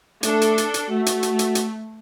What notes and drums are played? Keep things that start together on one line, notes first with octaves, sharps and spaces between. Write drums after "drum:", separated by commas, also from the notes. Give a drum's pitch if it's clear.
A3 D4 A4, drum: hi-hat
drum: hi-hat
drum: hi-hat
drum: hi-hat
A3 F#4
drum: hi-hat
drum: hi-hat
drum: hi-hat
drum: hi-hat